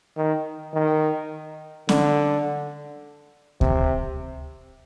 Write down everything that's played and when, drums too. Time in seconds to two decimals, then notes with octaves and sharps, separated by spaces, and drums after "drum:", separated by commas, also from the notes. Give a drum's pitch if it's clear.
0.17 D#3
0.74 D#3
1.89 D3, drum: snare C#4
3.61 C3, drum: kick D2